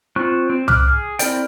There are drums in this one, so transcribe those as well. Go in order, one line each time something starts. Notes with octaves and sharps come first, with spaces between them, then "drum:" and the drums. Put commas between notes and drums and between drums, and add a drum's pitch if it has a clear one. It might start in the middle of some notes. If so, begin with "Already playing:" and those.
C4 F4 C#6 F#6
C4
D6 F6 F#6, drum: tom C2
G#4
C4 E4 A#4 D5 G5, drum: hi-hat